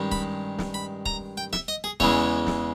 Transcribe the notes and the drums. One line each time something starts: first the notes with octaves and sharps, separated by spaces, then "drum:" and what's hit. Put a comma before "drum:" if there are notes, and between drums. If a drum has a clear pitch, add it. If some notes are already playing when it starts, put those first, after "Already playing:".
Already playing: G2 D#3 G#3 C#4
B5, drum: kick
drum: snare
B5
A#5, drum: kick
G5
E5, drum: snare
D#5
G#4
E2 C#3 E3 G#3 C#5, drum: kick
drum: snare